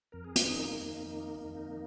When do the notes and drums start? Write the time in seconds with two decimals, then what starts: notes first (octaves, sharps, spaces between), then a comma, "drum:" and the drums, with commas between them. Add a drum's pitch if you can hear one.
0.12 F2 A#4
0.24 G#4
0.36 F4, drum: hi-hat
0.44 D#3 D#4 G#4
0.60 A#3 D#4
0.76 F2
1.07 D#3 A#3 D#4
1.40 F2
1.55 A#3 D#4
1.71 D#3